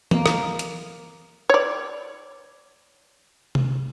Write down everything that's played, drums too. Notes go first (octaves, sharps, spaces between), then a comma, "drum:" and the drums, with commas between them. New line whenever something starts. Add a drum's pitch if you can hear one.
A#3, drum: tom E3
drum: rim click
drum: hi-hat
C#5 D5
drum: tom C3